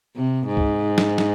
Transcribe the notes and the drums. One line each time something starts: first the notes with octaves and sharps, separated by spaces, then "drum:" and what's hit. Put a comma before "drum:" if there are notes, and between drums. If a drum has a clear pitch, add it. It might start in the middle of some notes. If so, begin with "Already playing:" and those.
C3
G#2
drum: kick C#2
drum: snare
drum: snare